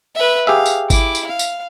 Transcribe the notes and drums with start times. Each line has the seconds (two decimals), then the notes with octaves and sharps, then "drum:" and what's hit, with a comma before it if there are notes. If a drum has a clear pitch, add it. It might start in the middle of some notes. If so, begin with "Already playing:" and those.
0.15 B4 E5
0.47 G4 G#4 E5 F5
0.66 drum: tambourine
0.90 E4 D6, drum: kick G#1, tambourine
1.15 drum: tambourine
1.27 F5
1.39 drum: tambourine